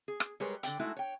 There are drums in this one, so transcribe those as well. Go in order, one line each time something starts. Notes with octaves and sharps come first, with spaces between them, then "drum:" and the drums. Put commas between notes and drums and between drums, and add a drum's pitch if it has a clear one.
G#4
drum: rim click
G3 G#3 G#4 A#4 B4 C#5
D3 D5 G5, drum: hi-hat
G#3 A3 D#4 E4 F#4
C#5 G5